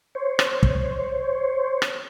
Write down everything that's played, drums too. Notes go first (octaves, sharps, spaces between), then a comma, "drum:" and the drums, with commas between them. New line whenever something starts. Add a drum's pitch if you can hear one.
C5 C#5
drum: rim click
drum: kick
drum: rim click